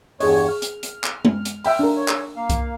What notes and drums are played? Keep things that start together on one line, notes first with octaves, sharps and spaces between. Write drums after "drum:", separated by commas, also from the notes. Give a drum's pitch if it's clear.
E2 G2 G#4 C#5 D#5, drum: open hi-hat
F6
drum: hi-hat
drum: hi-hat
drum: clap
drum: tom G#3
drum: hi-hat
E5 G5 B5, drum: open hi-hat
D4 A#4
C#5
drum: clap
A#3 F5
drum: kick C2, hi-hat